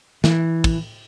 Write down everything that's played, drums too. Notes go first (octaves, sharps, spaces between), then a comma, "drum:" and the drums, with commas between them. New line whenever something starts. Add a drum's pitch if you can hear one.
E3, drum: snare
drum: kick, cymbal